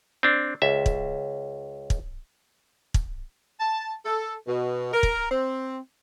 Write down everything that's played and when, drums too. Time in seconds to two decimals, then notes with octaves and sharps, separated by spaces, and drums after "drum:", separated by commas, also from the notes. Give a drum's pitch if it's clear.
0.23 C4 D4
0.62 C#2 E5
0.86 drum: kick
1.90 drum: kick
2.94 drum: kick
3.60 A5
4.04 A4
4.47 B2
4.93 A#4
5.03 drum: kick
5.31 C4